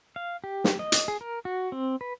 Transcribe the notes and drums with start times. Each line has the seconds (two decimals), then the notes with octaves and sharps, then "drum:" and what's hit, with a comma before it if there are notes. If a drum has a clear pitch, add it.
0.16 F5
0.44 G4
0.64 drum: snare
0.79 D#5
0.92 drum: hi-hat
1.08 G#4
1.21 A#4
1.45 F#4
1.72 C4
2.01 B4